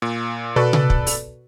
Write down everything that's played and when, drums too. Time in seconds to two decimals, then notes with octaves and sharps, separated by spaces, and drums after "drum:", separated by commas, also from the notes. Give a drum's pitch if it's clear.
0.02 A#2
0.56 B2 F#4 A4 B4 D5
0.73 drum: tom C3
0.90 drum: kick
1.07 drum: open hi-hat